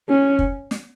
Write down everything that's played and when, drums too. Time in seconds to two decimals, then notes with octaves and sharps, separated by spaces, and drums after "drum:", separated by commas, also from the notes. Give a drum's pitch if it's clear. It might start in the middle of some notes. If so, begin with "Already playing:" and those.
0.09 C#4
0.39 drum: kick
0.71 drum: snare